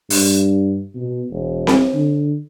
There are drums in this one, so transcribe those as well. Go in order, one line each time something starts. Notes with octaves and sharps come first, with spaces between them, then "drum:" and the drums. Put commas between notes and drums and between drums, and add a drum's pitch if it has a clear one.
G2, drum: open hi-hat
B2
E1
drum: snare C4
D3